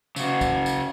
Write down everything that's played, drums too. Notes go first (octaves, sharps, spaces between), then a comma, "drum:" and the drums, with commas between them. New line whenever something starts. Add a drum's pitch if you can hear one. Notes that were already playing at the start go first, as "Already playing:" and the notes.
C#3 F#4, drum: tambourine
drum: kick, tambourine
drum: tambourine